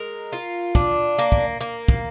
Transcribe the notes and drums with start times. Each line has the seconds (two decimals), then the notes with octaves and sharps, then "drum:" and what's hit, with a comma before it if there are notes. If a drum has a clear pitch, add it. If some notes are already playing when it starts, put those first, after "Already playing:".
Already playing: G#3 A#4
0.33 F4
0.75 D4, drum: kick
1.18 A#3
1.32 drum: kick
1.61 A#3
1.88 drum: kick